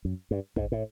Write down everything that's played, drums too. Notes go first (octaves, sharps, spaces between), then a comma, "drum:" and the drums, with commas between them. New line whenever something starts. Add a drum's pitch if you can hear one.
F#2
G2
G#2, drum: kick
A2